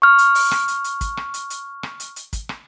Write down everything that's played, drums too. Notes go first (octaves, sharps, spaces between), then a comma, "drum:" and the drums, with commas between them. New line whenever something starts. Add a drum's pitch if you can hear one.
C#6 F6
drum: hi-hat
drum: open hi-hat
drum: rim click
drum: hi-hat
drum: hi-hat
drum: kick, hi-hat
drum: rim click
drum: hi-hat
drum: hi-hat
drum: rim click
drum: hi-hat
drum: hi-hat
drum: kick, hi-hat
drum: rim click